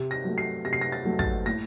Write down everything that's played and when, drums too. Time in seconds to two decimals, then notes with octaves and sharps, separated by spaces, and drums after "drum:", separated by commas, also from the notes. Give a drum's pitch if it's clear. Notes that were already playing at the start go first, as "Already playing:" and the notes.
Already playing: C3
0.11 A#6
0.24 F#3 A3
0.38 C7
0.65 C3 A#6
0.73 C7
0.81 A#6
0.92 A6
1.05 F#3 A3
1.19 A6, drum: kick
1.46 A2 A#6